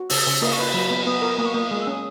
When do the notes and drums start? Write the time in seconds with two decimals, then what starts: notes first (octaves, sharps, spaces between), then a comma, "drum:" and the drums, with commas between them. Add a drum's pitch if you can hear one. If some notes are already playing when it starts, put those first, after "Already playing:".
Already playing: F#4
0.10 C#3 E6, drum: open hi-hat
0.27 C#3
0.42 A#3 D#6, drum: cymbal
0.53 C#6
0.59 B4 B5
0.74 F#3
0.90 B3
1.06 B3 D#6
1.22 A#4
1.38 A#3 D#6
1.46 C#6
1.54 A#3 D#6
1.71 G#3 D#6
1.81 E6
1.87 C#4 D#6